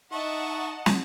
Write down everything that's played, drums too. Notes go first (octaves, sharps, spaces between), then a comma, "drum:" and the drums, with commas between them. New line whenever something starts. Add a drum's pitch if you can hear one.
D#4 D#5 E5 F#5 A5 C#6
drum: snare